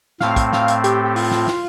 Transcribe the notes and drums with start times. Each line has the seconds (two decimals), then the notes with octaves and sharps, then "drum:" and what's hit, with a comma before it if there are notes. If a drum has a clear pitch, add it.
0.20 A2 A3 C4 F5, drum: snare
0.36 drum: kick, hi-hat
0.53 F5, drum: snare
0.68 drum: hi-hat
0.84 G4, drum: hi-hat
1.04 G4
1.16 F4, drum: open hi-hat
1.31 drum: snare
1.47 drum: snare